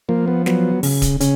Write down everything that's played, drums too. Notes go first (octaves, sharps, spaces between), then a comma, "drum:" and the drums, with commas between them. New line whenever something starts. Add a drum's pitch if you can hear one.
F3 A#3
B3
F#3 B3, drum: snare
C#3, drum: open hi-hat
drum: kick D1, hi-hat
C#3 C#4, drum: hi-hat